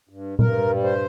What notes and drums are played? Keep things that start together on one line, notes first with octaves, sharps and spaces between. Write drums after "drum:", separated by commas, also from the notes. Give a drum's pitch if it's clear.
G2
G2 A#4, drum: tom A#2
G3
C5